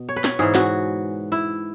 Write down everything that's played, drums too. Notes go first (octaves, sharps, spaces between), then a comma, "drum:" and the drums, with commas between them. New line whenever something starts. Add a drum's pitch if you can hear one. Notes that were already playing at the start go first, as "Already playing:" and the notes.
Already playing: B2
C#5
B4
C#5, drum: snare
G#2 E3 G#4
F#4, drum: snare
E4